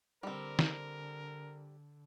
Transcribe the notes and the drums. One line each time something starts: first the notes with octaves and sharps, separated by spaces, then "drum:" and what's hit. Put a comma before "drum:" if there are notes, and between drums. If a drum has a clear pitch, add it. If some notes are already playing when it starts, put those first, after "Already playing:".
D3 G3 C4 A#4
drum: snare